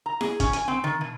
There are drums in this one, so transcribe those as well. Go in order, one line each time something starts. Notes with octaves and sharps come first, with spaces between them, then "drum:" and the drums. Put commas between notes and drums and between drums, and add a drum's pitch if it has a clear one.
A#5
G#4, drum: snare E4
C#4, drum: kick, hi-hat
G#5, drum: hi-hat
C4
D#3
B2